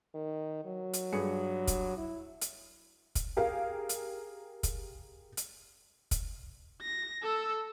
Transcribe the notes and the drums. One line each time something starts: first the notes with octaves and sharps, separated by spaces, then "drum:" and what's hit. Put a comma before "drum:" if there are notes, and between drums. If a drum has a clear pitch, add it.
D#3
F#3
drum: hi-hat
G2 G#4 C#7
drum: kick, hi-hat
E4
drum: hi-hat
drum: kick, hi-hat
G4 G#4 A#4 F5
drum: hi-hat
drum: kick, hi-hat
drum: hi-hat
drum: kick, hi-hat
A#6
A4 E6